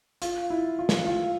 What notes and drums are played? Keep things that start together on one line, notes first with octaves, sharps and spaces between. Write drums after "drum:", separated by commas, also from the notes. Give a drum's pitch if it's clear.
F4, drum: hi-hat
E4
F4
drum: snare
F4